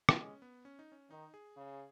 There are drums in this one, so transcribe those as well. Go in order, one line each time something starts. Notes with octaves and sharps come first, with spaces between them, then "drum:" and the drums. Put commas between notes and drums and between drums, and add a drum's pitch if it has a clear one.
drum: rim click
G#3 C#4
B3
C#4
D#4
C#4
D#3 D#4
G#4
C#3